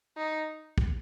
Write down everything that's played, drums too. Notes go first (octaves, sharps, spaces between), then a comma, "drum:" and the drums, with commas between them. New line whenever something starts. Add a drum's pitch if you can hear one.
D#4
drum: kick